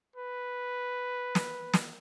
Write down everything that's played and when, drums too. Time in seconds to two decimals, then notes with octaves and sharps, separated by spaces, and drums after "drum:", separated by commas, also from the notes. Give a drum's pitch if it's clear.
0.16 B4
1.35 drum: snare
1.74 drum: snare